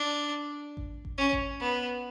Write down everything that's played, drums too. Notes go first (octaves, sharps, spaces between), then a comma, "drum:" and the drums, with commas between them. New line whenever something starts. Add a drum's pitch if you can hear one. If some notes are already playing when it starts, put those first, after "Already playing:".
Already playing: D4
drum: kick G#1
drum: kick G#1
C#4
drum: kick G#1
B3